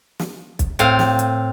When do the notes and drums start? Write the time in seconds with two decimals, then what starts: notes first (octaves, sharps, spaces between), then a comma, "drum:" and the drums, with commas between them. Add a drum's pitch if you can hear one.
0.19 drum: snare
0.59 drum: kick, hi-hat
0.79 A2 C4 F5, drum: hi-hat
0.99 drum: snare
1.19 drum: hi-hat